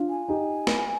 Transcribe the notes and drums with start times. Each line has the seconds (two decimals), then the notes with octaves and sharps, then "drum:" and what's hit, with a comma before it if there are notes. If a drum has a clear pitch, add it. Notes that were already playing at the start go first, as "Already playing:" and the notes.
Already playing: D4 F4
0.10 G#5
0.28 D#4 G4
0.67 drum: snare